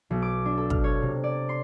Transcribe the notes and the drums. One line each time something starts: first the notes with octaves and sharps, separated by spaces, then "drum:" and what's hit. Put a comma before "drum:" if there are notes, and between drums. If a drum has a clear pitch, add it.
B1
D6
D4
A4
F6, drum: kick
C#5
C3
D5
C6